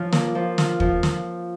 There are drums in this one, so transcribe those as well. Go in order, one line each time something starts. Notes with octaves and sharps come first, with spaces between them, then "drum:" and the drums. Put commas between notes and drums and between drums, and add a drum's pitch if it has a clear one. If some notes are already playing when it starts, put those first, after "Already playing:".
Already playing: F3 C#4
A#3, drum: snare
F3
F4, drum: snare
F3, drum: kick
drum: snare